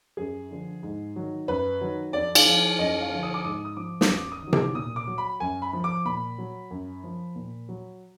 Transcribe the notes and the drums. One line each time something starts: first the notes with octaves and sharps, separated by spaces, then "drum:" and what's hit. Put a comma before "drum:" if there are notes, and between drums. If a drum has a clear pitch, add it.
F#2 G#4
D3 F3
G#2
D#3 F#3
F#2 B4
D#3 F#3
F2 D5
F5, drum: cymbal
F3
F#2 D#5
F5
D3 F3
D#6
D6
G#2 D#6
D#6
F3 D6
D#6, drum: snare
F#2 D6
D#6
D#3 F#3
D6, drum: tom C3
A#2 D#6
D6
F#3
B5
F#2 G#5
B5
F3
D6
A#2 B5
F#3
F#2
F3
A#2
F#3